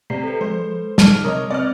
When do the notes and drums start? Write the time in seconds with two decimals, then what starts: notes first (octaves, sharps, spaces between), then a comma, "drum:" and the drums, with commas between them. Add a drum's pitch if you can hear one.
0.10 C3 D5 C7
0.24 A4 B4
0.41 F3 G#3 C5
0.98 B2 A5 D6 F6, drum: snare
1.24 C3 A#4 C#5 D#5 D#6
1.51 B3 C4 B4 D5 D#5 F6